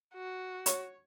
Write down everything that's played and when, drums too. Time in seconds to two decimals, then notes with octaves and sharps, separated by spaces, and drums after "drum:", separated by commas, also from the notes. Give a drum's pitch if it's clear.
0.15 F#4
0.66 C#5, drum: hi-hat